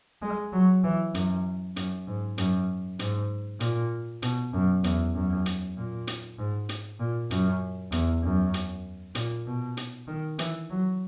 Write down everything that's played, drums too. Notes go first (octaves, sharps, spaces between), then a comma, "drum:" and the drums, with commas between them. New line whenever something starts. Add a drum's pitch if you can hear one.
G#3
F#3
E3
F#2, drum: hi-hat
F#2, drum: hi-hat
G#2
F#2, drum: hi-hat
G#2, drum: hi-hat
A#2, drum: hi-hat
B2, drum: hi-hat
F#2
E2, drum: hi-hat
F#2
drum: hi-hat
A#2
drum: hi-hat
G#2
drum: hi-hat
A#2
F#2, drum: hi-hat
E2, drum: hi-hat
F#2
drum: hi-hat
A#2, drum: hi-hat
B2
drum: hi-hat
D#3
E3, drum: hi-hat
F#3